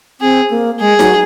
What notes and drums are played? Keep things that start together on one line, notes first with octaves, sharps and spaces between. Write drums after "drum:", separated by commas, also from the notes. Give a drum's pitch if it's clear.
C4 G#4
A#3
G#3 G#4
F#3, drum: snare D#4